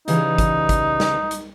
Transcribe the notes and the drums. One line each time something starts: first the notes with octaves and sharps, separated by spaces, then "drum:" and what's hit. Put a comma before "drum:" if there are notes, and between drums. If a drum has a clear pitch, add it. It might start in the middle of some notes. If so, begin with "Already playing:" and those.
C#3 E3 G3 D#4, drum: hi-hat
drum: kick G#1, hi-hat
drum: kick G#1, hi-hat
drum: snare
drum: hi-hat